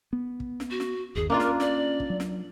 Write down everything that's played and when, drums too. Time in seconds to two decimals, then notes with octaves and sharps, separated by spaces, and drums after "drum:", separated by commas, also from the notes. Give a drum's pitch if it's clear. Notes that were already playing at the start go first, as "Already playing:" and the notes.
0.13 B3
0.40 drum: kick
0.60 drum: snare
0.70 F#4
0.80 drum: snare
1.15 G1 D#2 G#4
1.30 A#3 C#4 D4 F4 A#4
1.40 drum: snare
1.60 D5, drum: snare
2.00 drum: kick
2.10 F#3
2.20 drum: snare